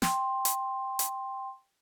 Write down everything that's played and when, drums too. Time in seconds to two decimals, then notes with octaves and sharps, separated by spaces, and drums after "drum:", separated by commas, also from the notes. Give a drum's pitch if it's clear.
0.02 G5 C6, drum: snare
0.45 drum: hi-hat
0.99 drum: hi-hat